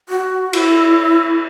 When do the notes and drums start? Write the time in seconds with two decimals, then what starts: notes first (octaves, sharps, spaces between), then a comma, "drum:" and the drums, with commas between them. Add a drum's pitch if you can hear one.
0.09 F#4
0.53 E4, drum: cymbal